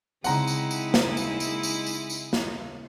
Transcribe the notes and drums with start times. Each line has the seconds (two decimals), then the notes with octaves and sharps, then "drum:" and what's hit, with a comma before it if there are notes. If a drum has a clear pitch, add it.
0.24 C#3 G#3 C4 D#4 E4 F#5 A#5, drum: tambourine
0.47 drum: tambourine
0.71 drum: tambourine
0.94 drum: snare
1.17 drum: tambourine
1.40 drum: tambourine
1.63 drum: tambourine
1.86 drum: tambourine
2.10 drum: tambourine
2.33 drum: snare